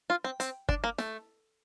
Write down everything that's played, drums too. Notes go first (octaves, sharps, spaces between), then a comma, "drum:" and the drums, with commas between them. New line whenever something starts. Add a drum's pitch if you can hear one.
F4
C4
C4, drum: hi-hat
D4, drum: kick G1
A#3
A3, drum: snare